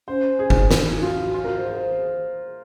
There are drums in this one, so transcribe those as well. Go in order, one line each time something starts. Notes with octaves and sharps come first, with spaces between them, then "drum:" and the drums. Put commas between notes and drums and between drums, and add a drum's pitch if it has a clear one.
C#4 C5
G#4
drum: kick F#1
C#4, drum: snare
D#4
F4
F4 F#4
F4
A#4
C5
G#4 C5
C5